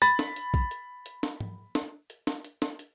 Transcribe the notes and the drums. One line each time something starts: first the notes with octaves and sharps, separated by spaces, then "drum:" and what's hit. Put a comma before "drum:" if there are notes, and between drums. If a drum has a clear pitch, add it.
B5 A6, drum: hi-hat
drum: snare
drum: hi-hat
drum: kick A#1
drum: hi-hat
drum: hi-hat
drum: snare
drum: tom G#2
drum: snare
drum: hi-hat
drum: snare
drum: hi-hat
drum: snare
drum: hi-hat